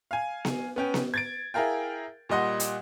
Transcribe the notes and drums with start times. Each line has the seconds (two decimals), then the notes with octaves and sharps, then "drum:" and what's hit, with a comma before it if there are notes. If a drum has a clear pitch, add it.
0.11 F5 G#5
0.45 drum: snare B3
0.76 B3 C#4 G5
0.94 drum: snare B3
1.14 G#6 A6 D7
1.54 E4 G#4 A#4 F5 G5
2.29 A#2 G3 D#5 F#5 C6
2.60 drum: hi-hat